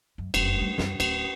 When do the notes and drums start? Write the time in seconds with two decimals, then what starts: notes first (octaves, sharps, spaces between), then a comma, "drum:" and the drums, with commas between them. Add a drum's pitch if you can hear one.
0.18 F#2
0.34 F1 F#2, drum: cymbal
0.61 G3 A3
0.78 F#2 G3, drum: snare
1.00 D1, drum: cymbal